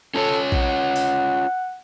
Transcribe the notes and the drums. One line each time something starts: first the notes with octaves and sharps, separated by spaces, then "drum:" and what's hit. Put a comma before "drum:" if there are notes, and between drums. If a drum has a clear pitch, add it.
C#4 F4 A4 C#5
F#5, drum: kick A#1
drum: open hi-hat